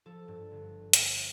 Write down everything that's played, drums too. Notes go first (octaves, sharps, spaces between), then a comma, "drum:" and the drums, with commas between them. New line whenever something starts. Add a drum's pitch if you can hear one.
F3 A4
G2
G1
drum: hi-hat